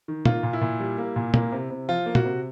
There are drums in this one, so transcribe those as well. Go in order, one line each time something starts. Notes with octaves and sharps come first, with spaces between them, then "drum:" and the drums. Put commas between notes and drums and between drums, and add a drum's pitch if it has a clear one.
D#3
A#3 F4, drum: tom
A#2
E4
A#2
G3
A#3
A#2
A#3, drum: tom
C3
C3
F3 F4
A#3
F#4, drum: tom
C3